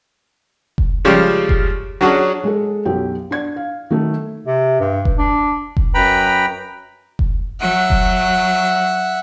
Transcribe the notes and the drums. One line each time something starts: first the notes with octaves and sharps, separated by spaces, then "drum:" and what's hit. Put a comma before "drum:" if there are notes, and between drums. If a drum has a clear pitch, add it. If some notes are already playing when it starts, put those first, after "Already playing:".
drum: kick F1
C#3 F3 G3 G#3
drum: kick F1
F#3 C#4 D4 F#4 G#4
G#3 G#4 A4
B1 F#2 G4 G5
D4 D5 G#6
F5
D#3 F#3 A3
C3
G2
drum: kick F1
D4
drum: kick F1
F#2 B4 G5 A#5 B5
drum: kick F1
F#3 E5 F#5
drum: kick F1